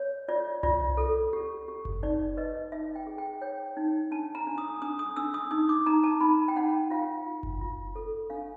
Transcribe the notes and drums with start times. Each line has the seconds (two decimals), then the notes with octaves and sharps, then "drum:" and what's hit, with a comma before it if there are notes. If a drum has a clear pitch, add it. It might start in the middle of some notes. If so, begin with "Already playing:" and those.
Already playing: C#5
0.28 F4 D5
0.63 F4 D5, drum: tom C2
0.97 A4
1.33 G4
1.68 G4
1.85 drum: kick F#1
2.03 D#4 D5
2.37 B4 D#5
2.72 D#4 E5
2.95 G5
3.07 G#4
3.18 G5
3.41 C#5 G5
3.77 D#4
4.11 D4 A5
4.35 A#5
4.47 D4
4.58 D#6
4.82 D4 D#6
4.99 D#6
5.16 D4 E6
5.34 D#6
5.51 D#4 D#6
5.69 D6
5.86 D#4 A#5
6.04 A5
6.20 D#4 B5
6.48 G5
6.56 D#4 F#5
6.90 F4 F5
7.26 F4
7.43 drum: kick F#1
7.61 F4
7.96 A4
8.30 D4 F5